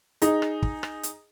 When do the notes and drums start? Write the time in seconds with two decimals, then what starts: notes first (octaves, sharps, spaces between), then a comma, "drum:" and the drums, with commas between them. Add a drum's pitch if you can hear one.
0.22 D#4 G#4, drum: hi-hat
0.42 drum: rim click
0.62 drum: kick
0.83 drum: rim click
1.03 drum: hi-hat